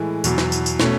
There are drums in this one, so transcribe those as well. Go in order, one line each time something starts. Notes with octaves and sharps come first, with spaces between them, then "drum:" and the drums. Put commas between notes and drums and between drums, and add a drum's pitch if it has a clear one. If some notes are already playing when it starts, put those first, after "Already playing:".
Already playing: A2 E3 G#3
E2 B2 F#3, drum: tambourine
drum: snare
drum: tambourine
drum: tambourine
B2 A3 C#4, drum: snare